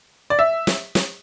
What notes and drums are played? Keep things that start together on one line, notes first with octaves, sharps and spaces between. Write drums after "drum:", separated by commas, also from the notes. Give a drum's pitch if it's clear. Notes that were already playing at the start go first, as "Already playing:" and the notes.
D5
E5
drum: snare
drum: snare